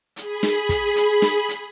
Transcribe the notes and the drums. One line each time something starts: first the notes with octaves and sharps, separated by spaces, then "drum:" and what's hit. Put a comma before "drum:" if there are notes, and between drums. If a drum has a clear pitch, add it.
G#4 B5, drum: hi-hat
drum: snare
drum: kick, hi-hat
drum: hi-hat
drum: snare
drum: hi-hat